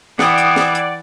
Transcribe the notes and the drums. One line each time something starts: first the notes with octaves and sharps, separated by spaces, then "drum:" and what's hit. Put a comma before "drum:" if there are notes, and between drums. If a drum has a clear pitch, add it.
E3 D5 F#5 G5 D#6, drum: snare
drum: hi-hat
drum: snare
drum: hi-hat